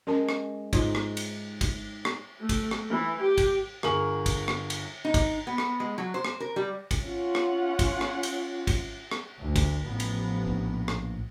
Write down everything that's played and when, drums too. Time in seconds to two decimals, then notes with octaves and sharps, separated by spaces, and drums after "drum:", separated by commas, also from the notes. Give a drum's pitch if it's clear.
0.07 G#3 C#4 A#4 A5
0.29 drum: rim click
0.73 G#2 D#4 F4, drum: kick G#1, cymbal
0.95 drum: rim click
1.17 drum: cymbal
1.61 drum: kick G#1, cymbal
2.05 drum: rim click
2.39 A3
2.49 drum: kick G#1, cymbal
2.71 drum: rim click
2.90 E3
3.21 G4
3.38 drum: kick G#1, cymbal
3.83 G1 G#4 A#4 C#6 F#7, drum: rim click
4.26 drum: kick G#1, cymbal
4.48 drum: rim click
4.70 drum: cymbal
5.05 D#4
5.14 drum: kick G#1, cymbal
5.47 B3
5.58 drum: rim click
5.80 G#3
5.98 F#3
6.14 C5
6.25 drum: rim click
6.40 A#4
6.56 G3
6.91 drum: kick G#1, cymbal
7.04 C#4 F4 F#5
7.35 drum: rim click
7.79 drum: kick G#1, cymbal
8.01 drum: rim click
8.23 drum: cymbal
8.67 drum: kick G#1, cymbal
9.11 drum: rim click
9.40 D2
9.56 drum: kick G#1, cymbal
9.83 A1 F3 B3
10.00 drum: cymbal
10.47 A#1
10.88 drum: rim click